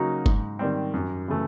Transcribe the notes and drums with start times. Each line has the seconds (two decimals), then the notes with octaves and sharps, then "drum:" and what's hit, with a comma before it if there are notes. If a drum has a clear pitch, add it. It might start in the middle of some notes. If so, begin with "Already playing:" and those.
Already playing: C#3 F#3 A#3 D#4 F#4
0.26 G#2, drum: kick F#1
0.59 D#3 G3 C4
0.94 F#2
1.28 C#3 E3 A3